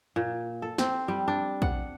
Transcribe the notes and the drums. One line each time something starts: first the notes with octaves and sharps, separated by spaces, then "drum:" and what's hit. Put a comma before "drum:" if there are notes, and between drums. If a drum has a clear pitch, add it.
A#2
A4
C4, drum: snare
G3
D4
F#5, drum: kick